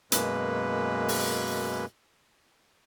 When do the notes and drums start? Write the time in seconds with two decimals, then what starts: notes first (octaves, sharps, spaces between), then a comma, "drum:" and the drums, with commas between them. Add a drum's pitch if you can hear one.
0.12 F#2 B2 G#3 A#3 B4, drum: hi-hat
1.08 drum: open hi-hat